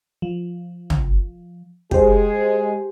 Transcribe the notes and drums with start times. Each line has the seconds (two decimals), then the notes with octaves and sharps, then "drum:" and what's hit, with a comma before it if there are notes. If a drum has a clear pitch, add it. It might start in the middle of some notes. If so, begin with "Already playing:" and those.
0.22 F3
0.90 drum: tom
1.91 G#3 G4 G#4 C5, drum: kick